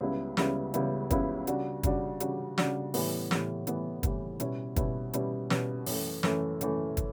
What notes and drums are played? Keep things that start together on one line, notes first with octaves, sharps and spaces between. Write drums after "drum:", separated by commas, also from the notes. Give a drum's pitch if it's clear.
C#2 C#3 G3 B3 E4
C#2 C#3 G3 B3 E4, drum: snare
C#2 C#3 G3 B3 E4, drum: hi-hat
C#2 C#3 G3 B3 E4, drum: kick, hi-hat
C#3 G3 D4 F#4, drum: hi-hat
C#3 G3 D4 F#4, drum: kick, hi-hat
C#3 G3 D4 F#4, drum: hi-hat
C#3 G3 D4 F#4, drum: snare
A2 E3 G3 B3, drum: open hi-hat
A2 E3 G3 B3, drum: snare
A2 E3 G3 B3, drum: hi-hat
A2 E3 G3 B3, drum: kick, hi-hat
B2 G3 C#4 E4, drum: hi-hat
B2 G3 C#4 E4, drum: kick, hi-hat
B2 G3 C#4 E4, drum: hi-hat
B2 G3 C#4 E4, drum: snare
F#2 E3 A3, drum: open hi-hat
F#2 E3 A3, drum: snare
F#2 E3 A3, drum: hi-hat
drum: kick, hi-hat